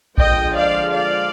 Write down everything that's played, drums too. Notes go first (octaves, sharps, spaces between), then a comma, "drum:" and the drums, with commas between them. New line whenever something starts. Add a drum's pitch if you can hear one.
D3 F3 G#3 D#5 G5, drum: kick A#1
D5 F5
D5 F5